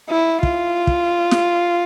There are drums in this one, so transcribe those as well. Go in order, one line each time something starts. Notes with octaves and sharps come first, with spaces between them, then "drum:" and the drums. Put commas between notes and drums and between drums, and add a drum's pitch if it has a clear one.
E4
F4, drum: kick
drum: kick
drum: snare